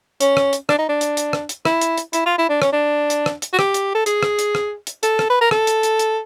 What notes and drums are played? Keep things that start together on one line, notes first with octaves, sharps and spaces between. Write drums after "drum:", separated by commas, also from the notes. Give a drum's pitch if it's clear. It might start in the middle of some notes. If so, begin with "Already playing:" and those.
C#4, drum: hi-hat
drum: rim click
drum: hi-hat
D4, drum: rim click
D#4
D4
drum: hi-hat
drum: hi-hat
drum: rim click
drum: hi-hat
E4, drum: rim click
drum: hi-hat
drum: hi-hat
E4, drum: hi-hat
F4
E4
D4
C#4, drum: rim click
D4
drum: hi-hat
drum: rim click
drum: hi-hat
F#4
G4, drum: rim click
drum: hi-hat
A4
G#4, drum: hi-hat
drum: rim click
drum: hi-hat
drum: rim click
drum: hi-hat
A4, drum: hi-hat
drum: rim click
B4
A#4
A4, drum: rim click
drum: hi-hat
drum: hi-hat
drum: hi-hat